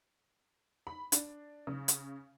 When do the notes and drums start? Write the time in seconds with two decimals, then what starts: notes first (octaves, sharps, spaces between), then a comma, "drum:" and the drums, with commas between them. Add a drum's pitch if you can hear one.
0.87 B5
1.12 D4, drum: hi-hat
1.67 C#3
1.88 drum: hi-hat